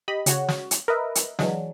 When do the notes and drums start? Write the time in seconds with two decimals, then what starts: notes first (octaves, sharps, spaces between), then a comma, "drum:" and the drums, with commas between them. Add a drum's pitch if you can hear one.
0.08 G4 D#5 B5
0.26 C#3 F#4 C#5, drum: hi-hat
0.49 drum: snare
0.71 drum: hi-hat
0.88 A#4 B4 D#5 E5
1.15 drum: hi-hat
1.39 E3 F#3 G#3 D4, drum: snare